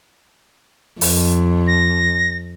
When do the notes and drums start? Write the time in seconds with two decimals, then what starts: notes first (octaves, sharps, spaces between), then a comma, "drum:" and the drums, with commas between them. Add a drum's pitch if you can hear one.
1.01 F2, drum: open hi-hat
1.67 A#6